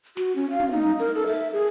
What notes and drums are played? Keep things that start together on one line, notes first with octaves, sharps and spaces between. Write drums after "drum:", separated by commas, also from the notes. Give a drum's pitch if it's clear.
F#4, drum: snare
C#4
F5
drum: tom
D#4
A#4
A4
E5, drum: open hi-hat
G#4